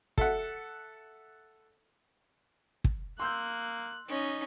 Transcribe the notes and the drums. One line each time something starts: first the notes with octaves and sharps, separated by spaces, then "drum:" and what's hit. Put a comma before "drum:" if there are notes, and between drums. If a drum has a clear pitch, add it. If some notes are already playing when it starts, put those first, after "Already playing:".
A4 E5 F#5, drum: kick
drum: kick
A#3 C6 E6 F#6 G6
C#4 D#4 D#5